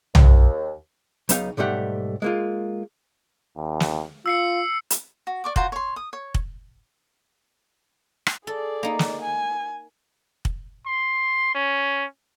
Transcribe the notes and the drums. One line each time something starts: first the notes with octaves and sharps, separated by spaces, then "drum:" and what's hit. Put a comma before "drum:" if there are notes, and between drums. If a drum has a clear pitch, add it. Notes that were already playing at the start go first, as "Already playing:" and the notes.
D#2, drum: tom B1
C#2 F#3 B3 D#4 F5 G5, drum: hi-hat
B1 G#2 G3 A3 G4 F#5
G#3 A#3 F4
D#2
drum: snare
F4 E6 C7 C#7
drum: hi-hat
F#4
D5 C#6 D6
F4 F#4 C5 A#5, drum: kick
C#5 C6
D#6
C#5
drum: kick
drum: rim click
G#4 A4 D5
A#3 D#4
drum: snare
G#5
drum: kick
C6
C#4